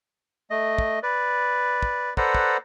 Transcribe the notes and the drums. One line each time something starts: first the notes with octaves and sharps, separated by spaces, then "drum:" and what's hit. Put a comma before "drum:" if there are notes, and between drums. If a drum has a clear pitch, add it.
A3 D#5
drum: kick
B4 D5
drum: kick
A4 B4 C5 D5 F#5 A#5, drum: kick
drum: kick